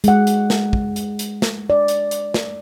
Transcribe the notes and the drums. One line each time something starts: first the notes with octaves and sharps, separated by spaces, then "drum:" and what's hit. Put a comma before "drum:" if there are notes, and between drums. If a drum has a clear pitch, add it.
G#3 F#5, drum: hi-hat
drum: hi-hat
drum: snare
drum: kick
drum: hi-hat
drum: hi-hat
drum: snare
D5
drum: hi-hat
drum: hi-hat
drum: snare